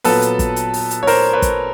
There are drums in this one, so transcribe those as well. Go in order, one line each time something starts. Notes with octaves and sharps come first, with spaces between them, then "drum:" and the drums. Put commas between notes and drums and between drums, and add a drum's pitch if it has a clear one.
A#2 F#3 B3 A4 B4, drum: open hi-hat
drum: hi-hat
drum: kick, hi-hat
drum: hi-hat
drum: open hi-hat
drum: hi-hat
C#5
A#4 C5, drum: open hi-hat
B4 C#5
drum: kick, hi-hat